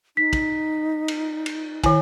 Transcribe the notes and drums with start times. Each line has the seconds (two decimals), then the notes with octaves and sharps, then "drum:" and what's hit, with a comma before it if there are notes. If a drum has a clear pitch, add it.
0.17 D#4 B6
0.33 drum: kick, cymbal
1.08 drum: cymbal
1.46 drum: cymbal
1.84 D#3 E4 G#5, drum: kick, cymbal